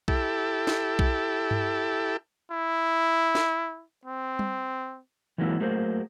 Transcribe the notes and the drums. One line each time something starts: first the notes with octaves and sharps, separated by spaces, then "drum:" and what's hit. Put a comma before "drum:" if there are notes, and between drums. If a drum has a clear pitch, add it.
E4 G4 A4, drum: kick B1
drum: snare
drum: kick B1
drum: tom G2
E4
drum: snare
C4
drum: tom G3
E3 F#3 G#3 A#3 D#4 E4
F#3 A3 A#3 G#4 C5